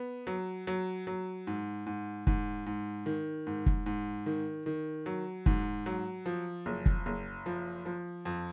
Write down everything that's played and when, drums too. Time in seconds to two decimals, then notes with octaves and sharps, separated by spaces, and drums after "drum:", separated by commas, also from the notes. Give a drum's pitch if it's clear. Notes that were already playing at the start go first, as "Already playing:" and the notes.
Already playing: B3
0.27 F#3
0.67 F#3
1.07 F#3
1.47 G#2
1.86 G#2
2.27 G#2, drum: kick
2.66 G#2
3.06 D#3
3.47 G#2
3.66 drum: kick
3.86 G#2
4.26 D#3
4.66 D#3
5.06 F#3
5.46 G#2, drum: kick
5.86 F#3
6.26 F3
6.66 F#1
6.86 drum: kick
7.06 F#1
7.46 F3
7.85 F3
8.25 F2